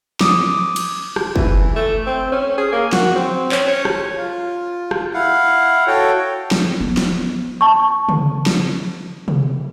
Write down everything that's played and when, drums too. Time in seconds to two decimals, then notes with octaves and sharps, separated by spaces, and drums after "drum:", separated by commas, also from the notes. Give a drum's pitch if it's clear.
0.21 D6 D#6, drum: snare
0.76 drum: cymbal
1.16 drum: rim click
1.36 E3, drum: kick
1.76 A3
2.06 C4
2.32 C#4
2.58 G#4
2.72 A#3
2.93 F#4, drum: snare
3.16 C4
3.52 C#4, drum: clap
3.68 C#5
3.85 drum: rim click
4.16 F4
4.91 drum: rim click
5.14 E4 F5 F#5
5.87 F#4 A4 C#5 G5
6.51 drum: snare
6.81 B3
6.97 drum: snare
7.61 A5 C#6
8.09 drum: tom C#3
8.46 drum: snare
9.28 drum: tom C3